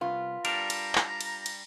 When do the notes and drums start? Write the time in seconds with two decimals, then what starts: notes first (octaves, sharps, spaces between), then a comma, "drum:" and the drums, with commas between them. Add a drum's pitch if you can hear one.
0.01 C2 B3 F4
0.45 G3 D4 A#4 A#5, drum: cymbal
0.70 drum: cymbal
0.95 drum: clap
1.21 drum: cymbal
1.46 drum: cymbal